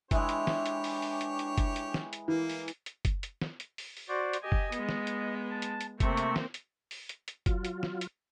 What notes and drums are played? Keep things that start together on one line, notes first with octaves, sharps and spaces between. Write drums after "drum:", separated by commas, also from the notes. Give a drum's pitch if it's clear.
E3 G#3 D4 G4 C#5, drum: kick F#1, hi-hat
drum: hi-hat
drum: snare
drum: hi-hat
drum: open hi-hat
drum: open hi-hat
drum: hi-hat
drum: hi-hat
drum: kick F#1, hi-hat
drum: hi-hat
drum: snare
drum: hi-hat
E3 A#3
drum: open hi-hat
drum: hi-hat
drum: hi-hat
drum: kick F#1, hi-hat
drum: hi-hat
drum: snare
drum: hi-hat
drum: open hi-hat
drum: open hi-hat
F#4 C5 D5
drum: hi-hat
G4 D#5 G#5
drum: kick F#1
G#3 B3, drum: hi-hat
drum: snare
drum: hi-hat
A5
drum: hi-hat
drum: hi-hat
C3 A3 A#3 C4 C#6, drum: kick F#1, hi-hat
drum: hi-hat
drum: snare
drum: hi-hat
drum: open hi-hat
drum: hi-hat
drum: hi-hat
F#3 F4, drum: kick F#1, hi-hat
drum: hi-hat
drum: snare
drum: hi-hat